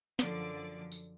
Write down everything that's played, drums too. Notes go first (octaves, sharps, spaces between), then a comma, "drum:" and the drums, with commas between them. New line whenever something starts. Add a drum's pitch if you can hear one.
F#2 D3 F3 D5, drum: snare
drum: tambourine